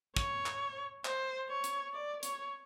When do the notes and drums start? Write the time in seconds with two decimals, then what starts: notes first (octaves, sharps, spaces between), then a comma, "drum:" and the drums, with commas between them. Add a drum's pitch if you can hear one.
0.17 C#5, drum: kick
0.46 drum: clap
1.05 C5, drum: clap
1.49 C#5
1.64 drum: hi-hat
1.93 D5
2.23 C#5, drum: hi-hat